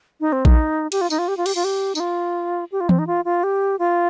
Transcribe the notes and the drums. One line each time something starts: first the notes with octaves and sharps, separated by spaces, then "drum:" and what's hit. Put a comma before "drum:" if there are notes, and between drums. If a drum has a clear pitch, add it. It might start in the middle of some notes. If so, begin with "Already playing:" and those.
D#4
C4
D#4, drum: kick A#1
G4, drum: cymbal
F4
D#4, drum: tambourine
F4
G4
F4
G4, drum: cymbal
F4
G4
D#4, drum: tambourine
F4
G4
F4
C4, drum: tom E3
D#4
F4
F4
G4
F4